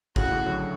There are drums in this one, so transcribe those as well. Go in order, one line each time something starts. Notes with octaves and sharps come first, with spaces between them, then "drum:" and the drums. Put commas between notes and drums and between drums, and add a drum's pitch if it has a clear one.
A2 C#3 F#4, drum: kick
A2 C#3
D3 F#3